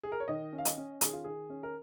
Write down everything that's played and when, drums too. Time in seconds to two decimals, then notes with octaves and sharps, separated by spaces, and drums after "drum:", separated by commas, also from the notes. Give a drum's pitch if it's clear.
0.03 G#4
0.12 A#4
0.20 C#5
0.28 D#3 D#5
0.52 C#4
0.58 F5
0.65 D#5, drum: hi-hat
0.78 C#4
1.01 D#3 G#4, drum: hi-hat
1.13 F4
1.24 D#3 G#4
1.50 C#4
1.63 A#4